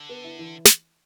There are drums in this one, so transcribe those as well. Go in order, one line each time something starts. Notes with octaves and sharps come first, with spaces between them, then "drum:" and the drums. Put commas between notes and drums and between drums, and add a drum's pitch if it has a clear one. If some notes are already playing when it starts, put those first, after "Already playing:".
Already playing: D3
B3
E4
E3
drum: snare